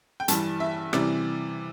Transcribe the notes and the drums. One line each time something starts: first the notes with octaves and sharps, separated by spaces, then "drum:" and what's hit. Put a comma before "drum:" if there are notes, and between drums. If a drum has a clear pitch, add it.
G5
G2 E3 G3 A5, drum: hi-hat
E5
C3 E3 G3 D5, drum: rim click